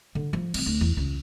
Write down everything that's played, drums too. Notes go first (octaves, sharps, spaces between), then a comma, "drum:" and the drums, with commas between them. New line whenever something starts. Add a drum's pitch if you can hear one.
D3
F3
F3 C4, drum: cymbal
D2
E2
C#2